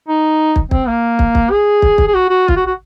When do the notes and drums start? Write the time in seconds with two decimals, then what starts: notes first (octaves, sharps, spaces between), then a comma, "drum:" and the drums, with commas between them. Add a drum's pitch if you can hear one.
0.08 D#4
0.56 drum: kick
0.71 C4, drum: kick
0.87 A#3
1.19 drum: kick
1.35 drum: kick
1.51 G#4
1.82 drum: kick
1.98 drum: kick
2.07 G#4
2.14 F#4
2.30 F#4
2.48 F4, drum: kick
2.56 F#4
2.67 F#4